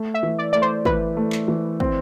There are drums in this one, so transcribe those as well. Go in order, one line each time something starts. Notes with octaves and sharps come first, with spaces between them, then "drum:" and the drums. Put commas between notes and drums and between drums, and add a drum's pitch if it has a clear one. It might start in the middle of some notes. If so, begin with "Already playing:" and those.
Already playing: A3
E5
E3
D5
A3 D5
C5
E3 B4, drum: kick
A3
drum: clap
E3
C4, drum: kick